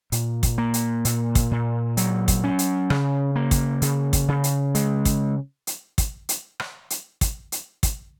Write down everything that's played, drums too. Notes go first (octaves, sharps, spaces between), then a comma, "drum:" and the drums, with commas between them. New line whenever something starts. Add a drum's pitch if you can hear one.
A#2, drum: hi-hat
drum: kick, hi-hat
A#3
drum: hi-hat
A#2, drum: hi-hat
drum: kick, hi-hat
A#2
F#3, drum: hi-hat
drum: kick, hi-hat
C#4
drum: hi-hat
C#3, drum: rim click
A#3
drum: kick, hi-hat
C#3, drum: hi-hat
drum: kick, hi-hat
C#3
drum: hi-hat
G#3, drum: hi-hat
drum: kick, hi-hat
drum: hi-hat
drum: kick, hi-hat
drum: hi-hat
drum: rim click
drum: hi-hat
drum: kick, hi-hat
drum: hi-hat
drum: kick, hi-hat